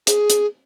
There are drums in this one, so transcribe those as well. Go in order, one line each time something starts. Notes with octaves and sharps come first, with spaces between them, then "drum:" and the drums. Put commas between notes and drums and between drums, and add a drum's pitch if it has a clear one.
G#4, drum: hi-hat
drum: hi-hat